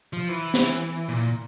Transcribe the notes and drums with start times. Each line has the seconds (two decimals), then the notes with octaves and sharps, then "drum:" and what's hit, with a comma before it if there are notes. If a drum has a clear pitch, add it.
0.13 F3
0.29 E3
0.54 drum: snare
1.08 A#2